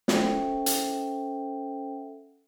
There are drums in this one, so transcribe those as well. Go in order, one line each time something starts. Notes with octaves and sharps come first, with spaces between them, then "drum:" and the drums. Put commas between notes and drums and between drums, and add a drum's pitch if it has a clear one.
C#4 A4 C5 E5 F#5 G5, drum: snare
drum: hi-hat